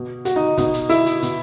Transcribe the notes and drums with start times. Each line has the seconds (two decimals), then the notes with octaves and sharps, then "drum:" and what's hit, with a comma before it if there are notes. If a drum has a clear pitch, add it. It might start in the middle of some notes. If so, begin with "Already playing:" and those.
Already playing: B2
0.25 F#4, drum: hi-hat
0.36 D#4
0.58 B2 D#4, drum: kick, hi-hat
0.74 drum: hi-hat
0.89 E4, drum: hi-hat
1.06 drum: hi-hat
1.22 B2, drum: hi-hat